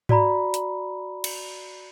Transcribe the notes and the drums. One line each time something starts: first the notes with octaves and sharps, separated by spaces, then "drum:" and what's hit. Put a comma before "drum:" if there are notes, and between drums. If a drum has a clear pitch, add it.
F#4 D5 A#5 B5, drum: tom G#2
drum: hi-hat
drum: cymbal